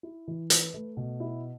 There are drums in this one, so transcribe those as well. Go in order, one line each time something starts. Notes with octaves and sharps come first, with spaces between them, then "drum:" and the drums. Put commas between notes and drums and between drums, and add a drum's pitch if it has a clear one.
E4
E3
B4, drum: hi-hat
A3
B2
E4